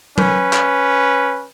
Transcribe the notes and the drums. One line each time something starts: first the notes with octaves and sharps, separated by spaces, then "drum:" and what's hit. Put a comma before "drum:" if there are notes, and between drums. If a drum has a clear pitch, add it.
C#4 B4, drum: tom F#3
drum: clap